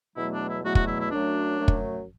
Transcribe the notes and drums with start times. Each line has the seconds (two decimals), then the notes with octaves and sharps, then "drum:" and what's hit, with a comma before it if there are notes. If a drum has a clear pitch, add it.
0.16 E2 B2 F#3 A3 E4
0.32 D4
0.48 E4
0.63 E2 B2 F#3 A3 F#4
0.75 F#4, drum: kick
0.86 E4
0.98 E4
1.10 F#2 F#3 A3 D4
1.58 F#2 F#3 A3
1.68 drum: kick